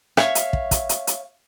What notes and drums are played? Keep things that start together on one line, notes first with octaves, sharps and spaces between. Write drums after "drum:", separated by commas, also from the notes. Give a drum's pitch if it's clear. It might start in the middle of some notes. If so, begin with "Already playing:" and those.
C#5 E5 F5, drum: rim click
drum: hi-hat
drum: kick
drum: kick, hi-hat
drum: hi-hat
drum: hi-hat